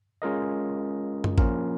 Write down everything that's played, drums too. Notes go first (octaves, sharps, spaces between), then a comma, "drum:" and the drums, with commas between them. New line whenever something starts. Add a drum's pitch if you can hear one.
G#3 C#4 F4 A#4 D#5
drum: tom F#2
F3 A#3 C#4 F4 A#4, drum: kick A1